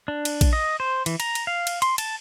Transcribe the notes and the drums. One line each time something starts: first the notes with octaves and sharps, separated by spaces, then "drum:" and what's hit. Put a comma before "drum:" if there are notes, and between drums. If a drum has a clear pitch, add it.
D4
drum: cymbal
drum: kick A#1, cymbal
D#5
C5
E3, drum: cymbal
A#5, drum: cymbal
drum: cymbal
F5
drum: cymbal
C6, drum: cymbal
A5, drum: cymbal